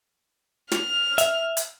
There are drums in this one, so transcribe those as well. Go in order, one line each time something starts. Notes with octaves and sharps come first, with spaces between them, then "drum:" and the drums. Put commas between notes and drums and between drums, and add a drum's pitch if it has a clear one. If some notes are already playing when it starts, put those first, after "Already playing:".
F6, drum: snare
E5, drum: hi-hat
drum: hi-hat